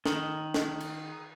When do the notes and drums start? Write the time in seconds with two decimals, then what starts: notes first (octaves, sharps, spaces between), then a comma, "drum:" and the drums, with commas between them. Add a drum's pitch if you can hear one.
0.06 D#3, drum: snare
0.54 drum: snare
0.80 drum: cymbal